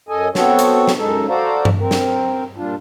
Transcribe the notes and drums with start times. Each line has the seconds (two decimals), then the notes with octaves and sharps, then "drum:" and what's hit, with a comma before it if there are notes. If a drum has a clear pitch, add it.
0.09 F#2 A4 D#5 G#5
0.35 B3 C4 F#4 A4 C#5, drum: snare
0.59 drum: hi-hat
0.87 drum: snare
0.98 F#2 G#3 D#4 A4
1.29 F#4 A4 C5 D5 F5 A#5
1.65 drum: tom G2
1.80 C4 A#4
1.91 drum: snare
2.56 A#2 G3 D4 F4